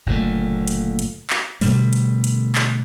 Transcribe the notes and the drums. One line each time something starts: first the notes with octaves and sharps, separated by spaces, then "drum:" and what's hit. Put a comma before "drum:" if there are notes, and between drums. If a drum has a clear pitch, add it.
F#1 A#2 D3 A3
drum: hi-hat
drum: hi-hat
drum: clap
B2 D3 G3 A3, drum: open hi-hat
drum: hi-hat
drum: hi-hat
drum: clap